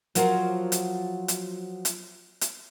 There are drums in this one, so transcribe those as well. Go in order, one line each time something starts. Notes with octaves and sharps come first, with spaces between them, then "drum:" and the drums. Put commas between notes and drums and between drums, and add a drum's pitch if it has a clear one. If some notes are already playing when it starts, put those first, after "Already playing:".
F3 F#3 F4 A#4 C5, drum: hi-hat
drum: hi-hat
drum: hi-hat
drum: hi-hat
drum: hi-hat